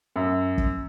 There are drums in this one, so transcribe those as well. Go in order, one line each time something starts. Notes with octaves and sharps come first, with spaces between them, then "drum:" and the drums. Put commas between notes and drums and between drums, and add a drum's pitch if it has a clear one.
F#2
drum: kick